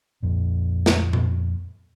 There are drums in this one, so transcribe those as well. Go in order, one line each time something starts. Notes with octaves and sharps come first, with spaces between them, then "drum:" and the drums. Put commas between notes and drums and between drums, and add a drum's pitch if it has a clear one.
F2 A#2
drum: snare
drum: tom A#2